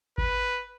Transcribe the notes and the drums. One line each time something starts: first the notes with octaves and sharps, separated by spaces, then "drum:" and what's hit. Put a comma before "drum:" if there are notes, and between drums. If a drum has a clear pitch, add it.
B4, drum: kick G#1